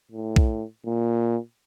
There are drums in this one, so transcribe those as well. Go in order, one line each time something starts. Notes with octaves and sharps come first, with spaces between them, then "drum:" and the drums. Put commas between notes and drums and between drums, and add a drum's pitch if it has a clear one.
A2
drum: kick B1
A#2